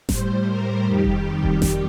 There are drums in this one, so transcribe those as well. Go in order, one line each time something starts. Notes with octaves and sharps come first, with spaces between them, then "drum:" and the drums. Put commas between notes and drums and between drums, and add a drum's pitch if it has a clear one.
A2 G3 C5, drum: snare F#1
A#4
F2 D#3 G3 G4
drum: kick E1
drum: kick E1
drum: snare F#1